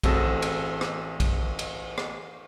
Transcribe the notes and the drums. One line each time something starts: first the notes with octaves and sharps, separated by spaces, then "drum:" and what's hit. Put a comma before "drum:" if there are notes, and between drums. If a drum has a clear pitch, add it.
A1 C4 F#4 G#4 A4 E6, drum: kick A#1, cymbal
drum: cymbal
drum: rim click
drum: kick A#1, cymbal
drum: cymbal
drum: rim click